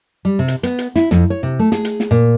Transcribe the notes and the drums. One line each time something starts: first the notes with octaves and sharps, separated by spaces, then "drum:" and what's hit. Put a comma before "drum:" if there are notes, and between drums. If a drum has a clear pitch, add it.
G3
C3
drum: hi-hat
B3, drum: hi-hat
drum: hi-hat
E4, drum: snare
F2, drum: snare
C#5
C3
A3
G#4, drum: snare
drum: hi-hat
drum: snare
A#2